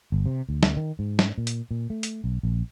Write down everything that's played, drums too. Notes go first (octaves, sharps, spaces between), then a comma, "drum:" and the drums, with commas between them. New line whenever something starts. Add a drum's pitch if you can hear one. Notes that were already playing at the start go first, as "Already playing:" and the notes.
G1
C3
D2
drum: snare
D#3
G#2
drum: snare
A#2
drum: hi-hat
A#2
A3
drum: hi-hat
B1
A#1